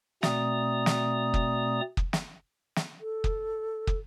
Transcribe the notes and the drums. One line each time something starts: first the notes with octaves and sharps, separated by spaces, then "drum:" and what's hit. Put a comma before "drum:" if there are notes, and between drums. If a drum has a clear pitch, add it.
B2 A3 C4 D5 A#5 D#6, drum: snare
drum: snare
drum: kick
drum: kick
drum: snare
drum: snare
A4
drum: kick
drum: kick